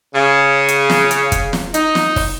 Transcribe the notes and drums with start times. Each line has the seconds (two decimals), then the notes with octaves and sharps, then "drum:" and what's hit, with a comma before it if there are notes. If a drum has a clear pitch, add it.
0.15 C#3
0.68 drum: hi-hat
0.90 drum: snare
1.11 drum: hi-hat
1.32 drum: kick, hi-hat
1.53 drum: snare
1.74 D#4, drum: hi-hat
1.95 drum: snare
2.16 drum: kick, open hi-hat